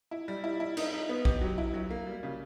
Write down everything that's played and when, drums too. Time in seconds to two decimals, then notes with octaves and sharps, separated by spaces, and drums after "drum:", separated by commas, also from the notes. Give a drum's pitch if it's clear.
0.11 E4
0.28 G3
0.44 E4
0.60 E4
0.77 D#4, drum: cymbal
0.92 D#4
1.09 B3
1.25 G4, drum: kick A#1
1.42 F#3
1.58 E4
1.74 F#3
1.90 A#3
2.07 G3
2.23 C#3